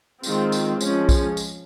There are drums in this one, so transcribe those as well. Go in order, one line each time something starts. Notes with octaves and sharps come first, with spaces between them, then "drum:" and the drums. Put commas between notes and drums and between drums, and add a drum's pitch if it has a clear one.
D#3 G#3 C4 F4, drum: tambourine
drum: tambourine
F3 G#3 C#4, drum: tambourine
drum: kick B1, tambourine
drum: tambourine